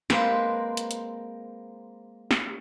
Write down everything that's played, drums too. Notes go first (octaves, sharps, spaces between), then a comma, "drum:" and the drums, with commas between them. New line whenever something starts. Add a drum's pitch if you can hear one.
G#3 A#3 C4 B4 C5, drum: snare
drum: hi-hat
drum: hi-hat
drum: snare